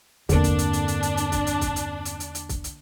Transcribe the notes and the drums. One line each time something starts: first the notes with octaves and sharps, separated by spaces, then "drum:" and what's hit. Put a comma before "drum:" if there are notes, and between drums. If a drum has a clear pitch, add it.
E2 G2 D3 A#3 C4 D4, drum: hi-hat
drum: kick, hi-hat
drum: hi-hat
drum: hi-hat
drum: hi-hat
drum: hi-hat
drum: hi-hat
drum: kick, hi-hat
drum: hi-hat
drum: kick, hi-hat
drum: hi-hat
drum: hi-hat
drum: hi-hat
drum: hi-hat
drum: kick, hi-hat
drum: hi-hat